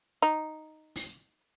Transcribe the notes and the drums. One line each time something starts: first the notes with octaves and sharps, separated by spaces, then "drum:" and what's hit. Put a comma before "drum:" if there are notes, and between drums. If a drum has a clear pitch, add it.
D#4
drum: open hi-hat